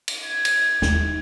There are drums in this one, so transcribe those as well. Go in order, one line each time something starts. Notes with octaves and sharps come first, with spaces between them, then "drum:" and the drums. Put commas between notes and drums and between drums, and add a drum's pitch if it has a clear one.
drum: cymbal
G#6
drum: cymbal
D#2 D#4, drum: snare